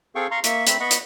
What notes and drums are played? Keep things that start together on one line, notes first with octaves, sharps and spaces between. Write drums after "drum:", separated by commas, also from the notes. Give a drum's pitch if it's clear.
C4 G#4 A4 F5 G5 C#6
F5 A#5 C6 C#6
A#3 E5 C#6, drum: hi-hat
A3 C4 E5 B5, drum: hi-hat
B3 D#5 F#5 B5 C#6
drum: hi-hat